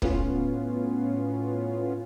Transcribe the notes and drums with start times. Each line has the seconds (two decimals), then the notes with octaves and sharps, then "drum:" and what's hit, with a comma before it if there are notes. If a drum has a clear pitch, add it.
0.02 A2 B3 C#4 F4, drum: kick